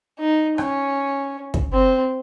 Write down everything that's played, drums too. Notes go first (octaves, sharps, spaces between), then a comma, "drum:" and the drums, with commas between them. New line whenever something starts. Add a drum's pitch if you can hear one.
D#4
C#4, drum: rim click
drum: kick
C4